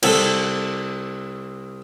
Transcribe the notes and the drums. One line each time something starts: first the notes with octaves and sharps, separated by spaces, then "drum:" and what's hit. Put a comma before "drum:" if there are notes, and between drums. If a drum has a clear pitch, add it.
C2 A4, drum: cymbal